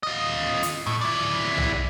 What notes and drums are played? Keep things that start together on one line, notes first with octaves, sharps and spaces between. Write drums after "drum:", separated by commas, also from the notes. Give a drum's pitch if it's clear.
F4 D#5
drum: hi-hat
A2
E4 D5
drum: tom B1